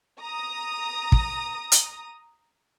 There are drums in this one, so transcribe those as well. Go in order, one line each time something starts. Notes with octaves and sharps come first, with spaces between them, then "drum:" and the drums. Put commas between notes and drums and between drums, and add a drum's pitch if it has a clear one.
A#5 D#6
drum: kick
drum: hi-hat